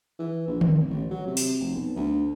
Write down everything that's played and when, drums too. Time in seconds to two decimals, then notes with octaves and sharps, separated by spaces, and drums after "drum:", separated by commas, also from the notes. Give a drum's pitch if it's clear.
0.19 E3
0.48 A#1
0.61 F1, drum: tom D3
0.90 A1
1.11 F#3
1.27 C3
1.37 drum: open hi-hat
1.60 F1
1.75 B1
1.96 D2